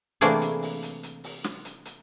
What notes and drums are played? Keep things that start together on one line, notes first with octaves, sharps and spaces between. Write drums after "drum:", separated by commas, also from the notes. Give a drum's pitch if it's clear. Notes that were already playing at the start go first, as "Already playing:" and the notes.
C3 E3 A3 A#3 D4 G#4, drum: hi-hat
drum: hi-hat
drum: open hi-hat
drum: hi-hat
drum: hi-hat
drum: open hi-hat
drum: snare
drum: hi-hat
drum: hi-hat